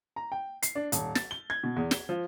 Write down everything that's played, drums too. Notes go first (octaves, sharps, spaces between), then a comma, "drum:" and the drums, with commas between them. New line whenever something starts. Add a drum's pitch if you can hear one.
A#5
G5
C7, drum: hi-hat
D4
D#1, drum: hi-hat
A6, drum: snare
G7
G#6
B2
E2
G7, drum: snare
F3